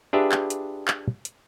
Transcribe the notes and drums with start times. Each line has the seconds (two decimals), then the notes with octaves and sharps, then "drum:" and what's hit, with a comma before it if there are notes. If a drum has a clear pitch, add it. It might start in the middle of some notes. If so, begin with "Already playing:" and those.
0.13 D4 F4 G4 G#4 B4 E5
0.32 drum: clap
0.50 drum: hi-hat
0.88 drum: clap
1.25 drum: hi-hat